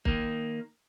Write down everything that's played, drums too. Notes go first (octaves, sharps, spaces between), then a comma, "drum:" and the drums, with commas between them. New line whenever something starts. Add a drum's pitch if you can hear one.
D#3 A#3, drum: kick